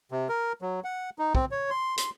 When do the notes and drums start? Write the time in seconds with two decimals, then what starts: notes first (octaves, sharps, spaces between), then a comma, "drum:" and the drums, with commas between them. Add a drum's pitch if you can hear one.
0.11 C3
0.29 A#4
0.62 F#3
0.84 F#5
1.19 D#4
1.35 C4, drum: kick
1.51 C#5
1.70 C6
1.98 C6, drum: hi-hat